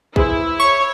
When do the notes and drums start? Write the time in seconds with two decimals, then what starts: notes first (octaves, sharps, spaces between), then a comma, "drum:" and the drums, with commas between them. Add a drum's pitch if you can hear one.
0.16 E4 G#4 B4 C5, drum: kick
0.60 C#5 C#6